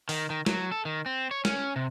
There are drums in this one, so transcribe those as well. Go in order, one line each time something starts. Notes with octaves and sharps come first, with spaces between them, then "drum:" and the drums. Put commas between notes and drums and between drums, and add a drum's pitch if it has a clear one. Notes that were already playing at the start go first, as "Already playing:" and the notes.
D#3, drum: open hi-hat
D#3
F#3, drum: snare
A4
D#3
C4
C#5
C#4, drum: snare
C3